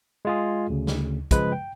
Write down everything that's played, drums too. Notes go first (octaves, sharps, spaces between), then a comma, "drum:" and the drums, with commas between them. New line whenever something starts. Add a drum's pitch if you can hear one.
G#3 F4 G#4
D2 C#3
drum: snare
C#3 F3 G#3 B4, drum: kick, hi-hat
G5